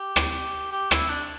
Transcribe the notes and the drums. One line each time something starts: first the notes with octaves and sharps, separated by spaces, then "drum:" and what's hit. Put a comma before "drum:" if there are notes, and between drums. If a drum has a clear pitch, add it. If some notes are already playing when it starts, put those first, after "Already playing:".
Already playing: G4
drum: rim click
G4
E4, drum: rim click
D4